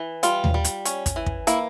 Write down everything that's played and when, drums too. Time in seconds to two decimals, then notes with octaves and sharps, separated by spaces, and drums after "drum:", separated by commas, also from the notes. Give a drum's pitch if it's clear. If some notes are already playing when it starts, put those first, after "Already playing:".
Already playing: E3
0.23 G3 F4, drum: hi-hat
0.44 drum: tom D#2
0.54 G3
0.64 drum: hi-hat
0.85 C#4, drum: hi-hat
1.06 drum: kick, hi-hat
1.16 E3
1.26 drum: kick
1.47 A#3 E4, drum: hi-hat